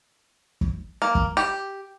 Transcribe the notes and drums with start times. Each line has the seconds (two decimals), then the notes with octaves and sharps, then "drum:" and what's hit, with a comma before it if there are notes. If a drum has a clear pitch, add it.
0.61 drum: kick
1.02 A#3
1.15 drum: kick
1.37 G4